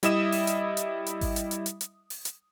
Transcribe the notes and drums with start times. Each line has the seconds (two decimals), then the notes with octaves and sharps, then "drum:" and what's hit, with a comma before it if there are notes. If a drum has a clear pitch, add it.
0.03 G3 E4 D#5 E5 D#6 E7, drum: hi-hat
0.32 drum: open hi-hat
0.47 drum: hi-hat
0.77 drum: hi-hat
1.06 drum: hi-hat
1.21 drum: kick G#1, open hi-hat
1.36 drum: hi-hat
1.51 drum: hi-hat
1.66 drum: hi-hat
1.81 drum: hi-hat
2.10 drum: open hi-hat
2.25 drum: hi-hat